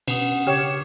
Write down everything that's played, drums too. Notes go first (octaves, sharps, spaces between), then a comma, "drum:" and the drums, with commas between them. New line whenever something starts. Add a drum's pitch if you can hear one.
B2 C#4 F#5 D#6, drum: cymbal
C#3 G4 C#5 G5 F6 C#7 E7